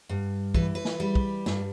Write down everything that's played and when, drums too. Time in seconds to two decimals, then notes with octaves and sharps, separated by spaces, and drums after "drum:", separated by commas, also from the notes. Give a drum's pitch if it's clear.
0.09 G2
0.54 E3 B4, drum: kick
0.75 B4
0.85 drum: snare
1.00 G3
1.15 drum: kick
1.46 G2, drum: snare